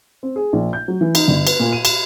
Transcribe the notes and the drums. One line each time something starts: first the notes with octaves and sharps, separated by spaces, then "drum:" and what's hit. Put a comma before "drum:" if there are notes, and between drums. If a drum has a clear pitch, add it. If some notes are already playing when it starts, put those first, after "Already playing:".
C4
G#4
A#1
G6
F#3
E3
D#4, drum: cymbal
G1
B4, drum: cymbal
A#2
D#7
E7, drum: cymbal